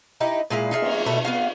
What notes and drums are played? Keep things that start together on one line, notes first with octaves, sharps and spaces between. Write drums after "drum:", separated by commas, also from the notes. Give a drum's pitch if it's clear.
D#4 E4 G4
A#2 G#3 E4 F5
D#4 F4 G#4 E5
drum: cymbal
B2 D#3 A3 E4
B3 F4 F5